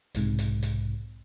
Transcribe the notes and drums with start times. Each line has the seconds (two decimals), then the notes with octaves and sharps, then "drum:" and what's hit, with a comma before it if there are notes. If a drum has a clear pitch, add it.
0.15 B1 G#2 C3, drum: hi-hat
0.39 drum: hi-hat
0.63 drum: hi-hat